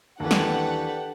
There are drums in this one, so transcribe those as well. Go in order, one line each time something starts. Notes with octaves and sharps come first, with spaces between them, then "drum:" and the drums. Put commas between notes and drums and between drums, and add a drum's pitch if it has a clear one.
D#2 E3 D4 G4 A4 B4 F#5
drum: snare